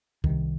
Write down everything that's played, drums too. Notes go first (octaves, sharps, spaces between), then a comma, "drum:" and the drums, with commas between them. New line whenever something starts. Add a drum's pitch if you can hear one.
C2 C3 D#3, drum: kick